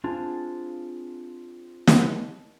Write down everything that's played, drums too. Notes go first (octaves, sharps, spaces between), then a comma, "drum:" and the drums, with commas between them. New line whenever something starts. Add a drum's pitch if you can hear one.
C4 D4 F4 G#4 G#5 A5
drum: snare